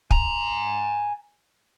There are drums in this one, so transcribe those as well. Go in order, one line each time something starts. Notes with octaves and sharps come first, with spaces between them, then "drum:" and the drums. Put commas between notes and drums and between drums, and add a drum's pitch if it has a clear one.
G#5 A#5, drum: kick